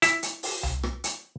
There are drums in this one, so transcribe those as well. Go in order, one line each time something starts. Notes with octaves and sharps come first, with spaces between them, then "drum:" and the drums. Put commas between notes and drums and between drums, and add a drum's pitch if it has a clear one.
E4, drum: hi-hat
drum: hi-hat
drum: open hi-hat
drum: tom C2
drum: rim click
drum: hi-hat